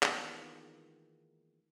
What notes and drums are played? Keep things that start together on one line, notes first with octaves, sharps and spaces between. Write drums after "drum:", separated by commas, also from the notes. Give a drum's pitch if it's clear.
D#3 E3 G#3 A#3 B3 F4, drum: clap